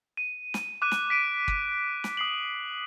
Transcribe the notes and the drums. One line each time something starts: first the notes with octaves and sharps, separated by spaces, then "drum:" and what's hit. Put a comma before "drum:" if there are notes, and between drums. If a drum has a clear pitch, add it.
D#7
drum: snare
D6 F#6 D#7
drum: snare
B6 D7 D#7
drum: kick
drum: snare
D#6 C7 F#7